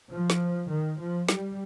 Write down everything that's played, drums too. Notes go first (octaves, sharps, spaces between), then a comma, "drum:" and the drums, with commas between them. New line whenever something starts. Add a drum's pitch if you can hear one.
F3
drum: snare
D#3
F3
G3, drum: snare